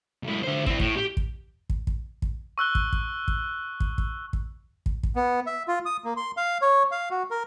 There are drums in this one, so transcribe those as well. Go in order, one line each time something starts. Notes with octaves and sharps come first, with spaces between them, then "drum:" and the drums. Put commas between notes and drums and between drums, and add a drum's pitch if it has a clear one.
B1 E4
D3 C5
C4 E4, drum: kick
A2, drum: kick
G4
drum: kick
drum: kick
drum: kick
drum: kick
C#6 E6 F#6 G7
drum: kick
drum: kick
drum: kick
drum: kick
drum: kick
drum: kick
drum: kick
drum: kick
B3
E5
F4
D#6
A#3
C6
F5
C#5
F5
F#4
A#4